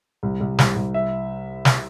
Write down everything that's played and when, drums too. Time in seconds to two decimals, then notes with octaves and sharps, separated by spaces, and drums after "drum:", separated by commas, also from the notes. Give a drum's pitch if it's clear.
0.23 C2
0.41 C2
0.59 C2, drum: snare
0.76 C2
0.94 E5
1.65 drum: snare